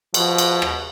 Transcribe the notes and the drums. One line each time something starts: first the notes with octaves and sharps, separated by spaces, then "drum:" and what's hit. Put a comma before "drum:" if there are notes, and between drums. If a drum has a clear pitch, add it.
B2 F3, drum: cymbal
drum: cymbal
drum: rim click